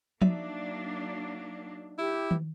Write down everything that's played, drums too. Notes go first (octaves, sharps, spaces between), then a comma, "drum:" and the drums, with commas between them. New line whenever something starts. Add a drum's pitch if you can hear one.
F#3 A#3 D4 D#4 D5 E5, drum: tom F3
E4 G4
drum: tom D#3